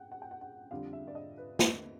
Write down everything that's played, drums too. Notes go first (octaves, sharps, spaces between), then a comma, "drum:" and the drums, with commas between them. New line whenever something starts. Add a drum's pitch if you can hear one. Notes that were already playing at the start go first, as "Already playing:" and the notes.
Already playing: F#5 G5
F#5
G5
F#5
F#5
F2 D3 G3 F5
E5
D5
D#5
B4
A#4, drum: snare